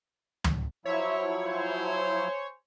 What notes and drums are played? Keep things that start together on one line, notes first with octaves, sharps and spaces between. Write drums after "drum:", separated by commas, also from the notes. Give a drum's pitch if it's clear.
drum: tom
F3 F#3 E4 C5 C#5 E5
G#4 C5